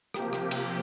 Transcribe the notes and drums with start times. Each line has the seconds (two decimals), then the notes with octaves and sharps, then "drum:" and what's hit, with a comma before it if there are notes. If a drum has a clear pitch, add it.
0.14 C3 F3 A#3 G4, drum: rim click
0.33 drum: rim click
0.51 drum: cymbal